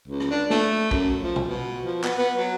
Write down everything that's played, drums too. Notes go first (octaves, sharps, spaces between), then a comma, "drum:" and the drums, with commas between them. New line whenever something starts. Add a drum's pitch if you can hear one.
C#2
drum: rim click
D4
A3, drum: snare
F#2, drum: kick A#1
F3
drum: tom
B2
F3
B3, drum: clap
B3
F#3